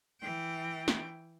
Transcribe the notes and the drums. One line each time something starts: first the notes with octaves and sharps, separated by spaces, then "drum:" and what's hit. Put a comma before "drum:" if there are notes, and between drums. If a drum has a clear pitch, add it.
E3 G5
drum: snare